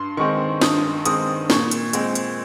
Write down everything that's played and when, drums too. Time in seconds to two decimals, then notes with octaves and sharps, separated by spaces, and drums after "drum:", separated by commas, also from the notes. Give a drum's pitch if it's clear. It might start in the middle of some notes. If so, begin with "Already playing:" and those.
Already playing: G2 C6
0.17 D#3 G#3 C4 C#6
0.61 G2 D#6, drum: snare
1.06 D#3 G#3 C4 D#6, drum: hi-hat
1.50 A#2 C#6, drum: snare
1.71 drum: hi-hat
1.93 G#3 C4, drum: hi-hat
2.15 drum: hi-hat